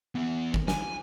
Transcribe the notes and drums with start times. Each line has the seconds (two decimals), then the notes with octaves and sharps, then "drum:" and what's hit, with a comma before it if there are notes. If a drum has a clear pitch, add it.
0.15 E2 B3
0.54 drum: kick
0.68 G#5, drum: snare